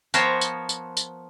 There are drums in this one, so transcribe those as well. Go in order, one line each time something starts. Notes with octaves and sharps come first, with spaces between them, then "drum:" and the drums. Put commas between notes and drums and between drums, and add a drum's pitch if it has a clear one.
F3 B3 A#4 C5 C#5 G5, drum: tambourine
drum: tambourine
drum: tambourine
drum: tambourine